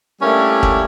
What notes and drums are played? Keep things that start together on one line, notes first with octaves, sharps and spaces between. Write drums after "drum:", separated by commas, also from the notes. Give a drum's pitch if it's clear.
G3 A3 A#3 C#4 D4 E4
drum: kick